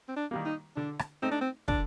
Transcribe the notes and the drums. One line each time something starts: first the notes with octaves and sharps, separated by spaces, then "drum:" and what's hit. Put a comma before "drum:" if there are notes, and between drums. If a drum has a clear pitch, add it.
C4
D4
D#3 G3 A#3
D#4
D3 D4
drum: rim click
A3 C4 D#4
D4
C4
D3 D4, drum: kick